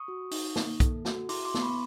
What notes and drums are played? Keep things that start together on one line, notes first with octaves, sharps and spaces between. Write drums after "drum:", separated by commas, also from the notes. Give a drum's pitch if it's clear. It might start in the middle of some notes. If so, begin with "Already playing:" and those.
Already playing: C#6 D#6
F#4
D#4, drum: open hi-hat
A#3, drum: snare
A4, drum: kick, hi-hat
F#4, drum: snare
E4 C6 D6, drum: open hi-hat
C6 D6
B3, drum: snare
B5 C#6